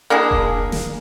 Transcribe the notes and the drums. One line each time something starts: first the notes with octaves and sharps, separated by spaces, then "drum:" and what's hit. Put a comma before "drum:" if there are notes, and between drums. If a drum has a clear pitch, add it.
A#3 D4 E4 G#4
drum: kick E1
drum: snare